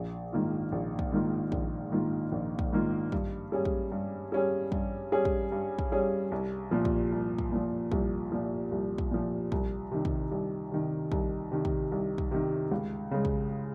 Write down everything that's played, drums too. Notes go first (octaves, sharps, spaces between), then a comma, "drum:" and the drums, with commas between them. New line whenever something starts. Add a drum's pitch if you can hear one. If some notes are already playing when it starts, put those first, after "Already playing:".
Already playing: A#1
G#2 D#3 A#3 F4
A#1
drum: kick
G#2 D#3 A#3 F4
A#1, drum: kick
G#2 D#3 A#3 F4
A#1
drum: kick
G#2 D#3 A#3 F4
G2, drum: kick
G3 C#4 G#4
drum: kick
G2
G3 C#4 G#4
G2, drum: kick
G3 C#4 G#4
drum: kick
G2
drum: kick
G3 C#4 G#4
C2
A#2 F3
drum: kick
C2
drum: kick
A#2 F3
C2, drum: kick
A#2 F3
C2
drum: kick
A#2 F3
C2, drum: kick
C3 D#3
drum: kick
C2
C3 D#3
C2, drum: kick
C3 D#3
drum: kick
C2
drum: kick
C3 D#3
C#2
C#3 G#3
drum: kick